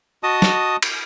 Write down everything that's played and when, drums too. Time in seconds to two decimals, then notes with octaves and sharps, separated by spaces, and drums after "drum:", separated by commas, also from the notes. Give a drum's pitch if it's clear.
0.23 F#4 D#5 A5 D#6
0.42 drum: snare
0.82 drum: cymbal